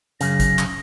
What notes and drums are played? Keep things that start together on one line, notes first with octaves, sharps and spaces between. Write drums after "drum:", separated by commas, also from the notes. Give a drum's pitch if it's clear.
F#2 C#3 A#6, drum: hi-hat
drum: kick, hi-hat
drum: clap